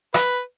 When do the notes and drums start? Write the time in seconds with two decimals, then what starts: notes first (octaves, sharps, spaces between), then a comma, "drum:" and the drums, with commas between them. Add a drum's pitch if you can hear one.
0.14 B4, drum: rim click